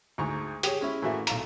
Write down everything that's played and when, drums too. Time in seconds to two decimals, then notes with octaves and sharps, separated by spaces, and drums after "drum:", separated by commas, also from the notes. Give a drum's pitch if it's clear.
0.18 D2 G#2 A#5 C#6
0.63 G4 G#4 C#5, drum: hi-hat
0.81 G#3 C#4 E4
1.02 A2 E3 A3 A#3 F#4 E5
1.27 B1 A4 F5 A#5, drum: hi-hat